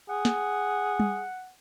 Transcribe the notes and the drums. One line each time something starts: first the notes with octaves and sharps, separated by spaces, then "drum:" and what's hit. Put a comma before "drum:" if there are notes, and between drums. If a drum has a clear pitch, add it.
G#4 F#5
drum: snare
drum: tom G3